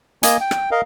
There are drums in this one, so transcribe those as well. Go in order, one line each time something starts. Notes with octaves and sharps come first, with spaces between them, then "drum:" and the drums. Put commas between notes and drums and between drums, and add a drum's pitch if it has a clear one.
A#3 D#5 G#5, drum: hi-hat
G5
drum: rim click
A#4 D#5 F5